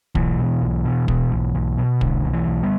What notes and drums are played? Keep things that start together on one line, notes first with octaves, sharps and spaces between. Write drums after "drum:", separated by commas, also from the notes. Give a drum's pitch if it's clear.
B1 E3, drum: kick
B2
B1
B2
B2, drum: kick
B1
B1
B2
B1 D3, drum: kick
B1
E3
B1
G3 B3